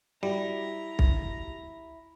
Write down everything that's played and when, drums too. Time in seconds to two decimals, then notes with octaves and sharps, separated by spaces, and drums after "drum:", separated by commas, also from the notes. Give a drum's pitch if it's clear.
0.23 G3 E4 F#4 G4 A#5
0.99 drum: kick B1